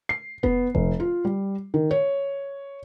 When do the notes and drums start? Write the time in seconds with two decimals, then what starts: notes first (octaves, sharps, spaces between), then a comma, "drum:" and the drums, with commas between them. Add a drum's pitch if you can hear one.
0.09 C7
0.43 B3, drum: kick F1
0.75 F1, drum: kick F1
1.00 F4
1.25 G3
1.74 D#3
1.91 C#5